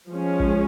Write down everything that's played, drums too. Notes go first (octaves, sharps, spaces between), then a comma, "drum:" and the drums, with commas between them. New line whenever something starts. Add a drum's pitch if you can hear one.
F3 G#3 C#4
drum: kick A1